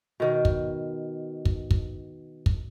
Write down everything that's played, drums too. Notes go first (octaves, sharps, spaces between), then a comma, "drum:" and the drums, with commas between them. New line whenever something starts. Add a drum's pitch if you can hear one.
B2 D#3
drum: kick
drum: kick
drum: kick
drum: kick